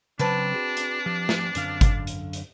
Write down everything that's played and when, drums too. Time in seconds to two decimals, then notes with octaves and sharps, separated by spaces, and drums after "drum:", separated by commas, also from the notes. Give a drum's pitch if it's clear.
0.19 C#3 F#3 C4 D4 B4 A5
0.54 F#4 G#4
0.77 drum: hi-hat
1.06 F3 G4
1.29 drum: snare
1.55 F#2 D3 F5, drum: hi-hat
1.81 drum: kick G1, hi-hat
2.07 drum: hi-hat
2.33 drum: hi-hat